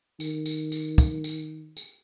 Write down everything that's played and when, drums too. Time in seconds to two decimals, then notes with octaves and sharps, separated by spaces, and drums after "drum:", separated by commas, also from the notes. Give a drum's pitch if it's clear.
0.20 D#3, drum: tambourine
0.46 drum: tambourine
0.72 drum: tambourine
0.98 drum: kick, tambourine
1.24 drum: tambourine
1.77 drum: tambourine